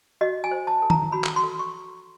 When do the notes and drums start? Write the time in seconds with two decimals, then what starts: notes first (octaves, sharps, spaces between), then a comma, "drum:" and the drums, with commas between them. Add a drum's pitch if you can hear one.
0.21 F#4 D#5
0.44 G#5
0.51 C5
0.67 A5
0.82 A4
0.90 A#5, drum: tom D#3
1.12 F#4 B5
1.24 drum: clap
1.36 C6
1.43 A4
1.59 C#6